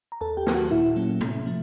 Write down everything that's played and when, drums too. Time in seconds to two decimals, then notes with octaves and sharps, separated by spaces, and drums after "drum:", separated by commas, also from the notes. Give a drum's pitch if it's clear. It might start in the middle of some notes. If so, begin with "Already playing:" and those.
0.12 A#5
0.21 D#2 A4 A5
0.37 G4 G5
0.47 D#3 F#3, drum: snare
0.54 F#4 F#5
0.71 A#2 E4 E5
0.96 F#3 A#3 C#4
1.21 C3, drum: tom
1.46 F3 A3